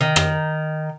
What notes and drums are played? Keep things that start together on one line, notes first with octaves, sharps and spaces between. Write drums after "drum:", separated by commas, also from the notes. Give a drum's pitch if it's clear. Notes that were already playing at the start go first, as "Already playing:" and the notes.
D#3
drum: rim click